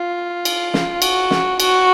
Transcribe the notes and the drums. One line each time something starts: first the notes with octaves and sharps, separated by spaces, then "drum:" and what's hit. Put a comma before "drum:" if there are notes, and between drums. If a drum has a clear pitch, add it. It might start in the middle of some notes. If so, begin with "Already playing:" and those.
Already playing: F4
drum: cymbal
drum: snare
F#4, drum: cymbal
drum: snare
F#4, drum: cymbal